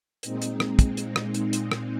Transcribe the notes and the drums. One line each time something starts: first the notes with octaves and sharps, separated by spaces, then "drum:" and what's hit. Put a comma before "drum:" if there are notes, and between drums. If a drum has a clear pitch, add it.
A#2 G#3 C4 D#4, drum: hi-hat
drum: hi-hat
drum: rim click
drum: kick, hi-hat
drum: hi-hat
drum: rim click
drum: hi-hat
drum: hi-hat
drum: rim click